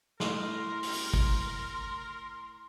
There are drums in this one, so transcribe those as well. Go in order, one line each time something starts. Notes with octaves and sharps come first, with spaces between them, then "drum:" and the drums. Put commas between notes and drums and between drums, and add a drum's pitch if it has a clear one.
A2 A3 A#4 F5 C6, drum: snare
drum: open hi-hat
drum: kick